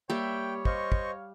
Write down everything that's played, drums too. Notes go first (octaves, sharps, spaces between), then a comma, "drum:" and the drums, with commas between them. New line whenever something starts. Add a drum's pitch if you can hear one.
G3 A#3 G4 C#5 E5 G5
C5 D#5 F5 C#6 F6, drum: kick
drum: kick